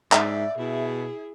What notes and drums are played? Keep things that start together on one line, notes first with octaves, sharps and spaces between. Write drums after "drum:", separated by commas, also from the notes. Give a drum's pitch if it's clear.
G#2 D5 E5 A#5, drum: clap
B2 E4 G#4